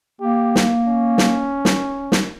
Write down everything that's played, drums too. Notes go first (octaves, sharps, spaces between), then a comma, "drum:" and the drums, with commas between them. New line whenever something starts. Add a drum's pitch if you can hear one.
A#3 G4
drum: snare
C#4
drum: snare
drum: snare
drum: snare